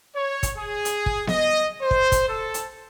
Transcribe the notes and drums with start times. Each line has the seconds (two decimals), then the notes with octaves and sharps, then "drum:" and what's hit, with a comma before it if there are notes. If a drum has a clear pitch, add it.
0.14 C#5
0.43 drum: kick, hi-hat
0.56 G#4
0.85 drum: hi-hat
1.06 drum: kick
1.27 D#5, drum: snare B3
1.81 C5
1.91 drum: kick
2.12 drum: kick, hi-hat
2.28 A4
2.54 drum: hi-hat